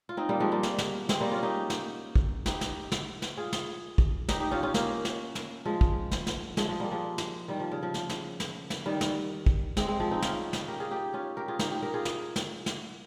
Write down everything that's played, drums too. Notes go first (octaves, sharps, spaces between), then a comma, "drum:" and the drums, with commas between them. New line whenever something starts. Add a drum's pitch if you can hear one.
F4
C4 D#4
G3 A#3
F3 G#3
G3 A#3
drum: snare
drum: snare
G#3 C4, drum: snare
G3 A#3
C#4 F4
D#4 G4
drum: snare
drum: kick
D#4 G4, drum: snare
drum: snare
drum: snare
drum: snare
F4 G#4
drum: snare
drum: kick
D#4 G4, drum: snare
D#4 G4
C#4 F4
C#4 F4
A#3 C#4, drum: snare
drum: snare
drum: snare
F3 G#3
drum: kick
drum: snare
drum: snare
F3 G#3, drum: snare
F3 G#3
G3 A#3
F3 G#3
drum: snare
D#3 G3
F3
C#3
F3
drum: snare
drum: snare
drum: snare
drum: snare
D#3 G3
drum: snare
drum: kick
G#3 C4, drum: snare
G#3 C4
F3 G#3
C4 D#4
C#4 F4, drum: snare
drum: snare
G4 A#4
F4 G#4
D#4 G4
C#4 F4
G4 A#4
F4 G#4
D#4 G4, drum: snare
D#4 G4
G4 A#4
F4 G#4
drum: snare
drum: snare
drum: snare